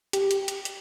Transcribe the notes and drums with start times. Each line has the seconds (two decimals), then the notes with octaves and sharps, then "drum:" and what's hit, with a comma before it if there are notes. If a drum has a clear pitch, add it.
0.13 G4, drum: hi-hat
0.31 drum: hi-hat
0.48 drum: hi-hat
0.65 drum: hi-hat